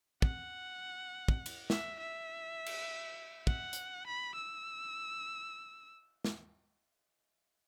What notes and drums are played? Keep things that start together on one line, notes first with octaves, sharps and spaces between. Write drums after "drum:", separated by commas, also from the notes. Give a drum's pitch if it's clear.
F#5, drum: kick
drum: kick
drum: cymbal
E5, drum: snare
E5
drum: cymbal
F#5, drum: kick
drum: hi-hat
B5
E6
drum: snare